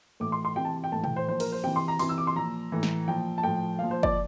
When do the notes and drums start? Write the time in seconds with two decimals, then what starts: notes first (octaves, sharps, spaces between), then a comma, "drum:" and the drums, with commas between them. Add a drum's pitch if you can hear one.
0.20 A2 E3 D6
0.32 C6
0.45 C6
0.56 C3 E3 G5
0.65 A5
0.84 G5
0.92 A2 E3 A5
1.04 G5, drum: tom
1.16 C5
1.28 A#2 F3 C5
1.40 A#4, drum: cymbal
1.52 C5
1.64 C3 E3 G5
1.76 C6
1.88 A#5
1.99 C3 E3 C6, drum: open hi-hat
2.09 E6
2.18 D6
2.27 C6
2.36 A#2 F3 A#5
2.72 A2 E3
2.83 drum: snare
3.08 A#2 F3 G5
3.38 A5
3.43 A2 F3 G5
3.79 A#2 F3 F5
3.91 C5
4.03 D5, drum: kick